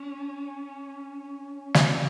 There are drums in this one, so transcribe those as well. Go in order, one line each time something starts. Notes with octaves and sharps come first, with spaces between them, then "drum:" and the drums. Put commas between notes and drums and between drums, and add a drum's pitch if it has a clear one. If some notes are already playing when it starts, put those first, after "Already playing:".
Already playing: C#4
drum: snare